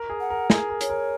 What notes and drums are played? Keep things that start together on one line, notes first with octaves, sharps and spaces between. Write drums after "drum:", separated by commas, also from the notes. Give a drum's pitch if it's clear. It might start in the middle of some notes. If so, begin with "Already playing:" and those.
Already playing: A#4
G#4
F#5
A#4
G#4, drum: snare
A#4
C#5, drum: hi-hat
A#4